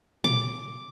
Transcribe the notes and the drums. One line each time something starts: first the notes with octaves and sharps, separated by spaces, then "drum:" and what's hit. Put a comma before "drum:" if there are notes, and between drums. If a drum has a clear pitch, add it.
D6, drum: tom A#2